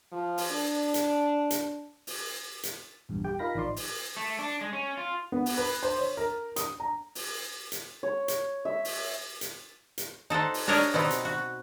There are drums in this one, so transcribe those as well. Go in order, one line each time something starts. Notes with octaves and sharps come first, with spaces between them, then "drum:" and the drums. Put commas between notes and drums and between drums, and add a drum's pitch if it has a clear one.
F3
drum: open hi-hat
D4
drum: hi-hat
drum: hi-hat
drum: open hi-hat
drum: hi-hat
A#1 E2 G2
G4 G5
D#4 F4 A#4 F5 B5 A#6
A1 F3 D#4 D5 C6
drum: open hi-hat
A3
D4
G#3
C#4
F4
B3
drum: open hi-hat
B4
C5
C#5
A#4
D#6, drum: hi-hat
A#5
drum: open hi-hat
drum: hi-hat
C#5
drum: hi-hat
E5
drum: open hi-hat
drum: hi-hat
drum: hi-hat
D#4 A4 C5 F#5
drum: open hi-hat
D4 G4 A#4 C#5 D#5
B2 B3 C4 D#4
drum: hi-hat
F#4